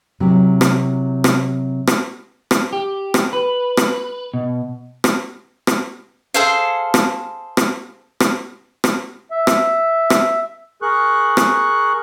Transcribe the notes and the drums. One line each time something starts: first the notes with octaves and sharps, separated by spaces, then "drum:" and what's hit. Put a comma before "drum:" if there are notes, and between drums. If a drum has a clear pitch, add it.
C3 F#3 E4
drum: rim click
drum: rim click
drum: rim click
drum: rim click
G4
drum: rim click
B4
drum: rim click
B2
drum: rim click
drum: rim click
G#4 A4 C5 F5
drum: rim click
drum: rim click
drum: rim click
drum: rim click
E5
drum: rim click
drum: rim click
G#4 A#4 C#6 F#6
drum: rim click